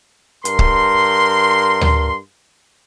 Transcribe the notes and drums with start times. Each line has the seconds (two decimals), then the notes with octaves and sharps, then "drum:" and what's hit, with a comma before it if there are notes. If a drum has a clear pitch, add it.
0.45 G2 A#4 C6, drum: hi-hat
0.59 drum: kick C#1
1.81 drum: tom D2